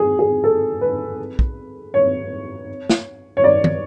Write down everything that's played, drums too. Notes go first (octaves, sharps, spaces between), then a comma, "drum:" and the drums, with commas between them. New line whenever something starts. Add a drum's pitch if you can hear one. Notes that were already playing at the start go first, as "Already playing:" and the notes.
Already playing: G#4
G#4
A4
B4
drum: kick
C#5
drum: snare
C#5
D5
drum: tom